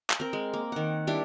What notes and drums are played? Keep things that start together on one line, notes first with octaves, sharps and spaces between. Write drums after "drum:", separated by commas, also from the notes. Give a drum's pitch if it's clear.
drum: clap
C4 A#4
G#3
A#3
D#3 F#5
G3 D4 E4